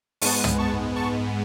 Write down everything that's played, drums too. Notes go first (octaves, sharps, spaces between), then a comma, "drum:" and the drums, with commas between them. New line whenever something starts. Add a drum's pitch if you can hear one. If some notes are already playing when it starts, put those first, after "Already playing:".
G#2 G#3 B3 A5 C#6, drum: open hi-hat
drum: tom
A5 C#6
A5 C#6